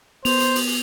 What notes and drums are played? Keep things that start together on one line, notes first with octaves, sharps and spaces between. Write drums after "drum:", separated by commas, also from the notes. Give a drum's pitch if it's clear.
B3 C5 F7, drum: open hi-hat
drum: hi-hat
drum: open hi-hat